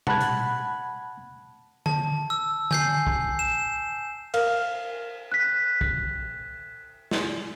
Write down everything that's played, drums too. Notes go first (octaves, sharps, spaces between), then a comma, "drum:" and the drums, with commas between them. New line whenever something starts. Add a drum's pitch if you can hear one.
F#5 A5 B5 F#6 G#6, drum: tom B2
drum: hi-hat
A5, drum: tom D3
E6
G#5 G6 C7, drum: tom D3
drum: kick
E7
A#4 F5 F6, drum: cymbal
F#6 B6
drum: kick
drum: snare